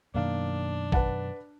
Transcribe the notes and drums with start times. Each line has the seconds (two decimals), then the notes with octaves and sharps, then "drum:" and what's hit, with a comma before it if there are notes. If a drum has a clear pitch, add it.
0.14 F#2 B2 D#3 A#3 D4 F5
0.92 B4 F#5 A5, drum: kick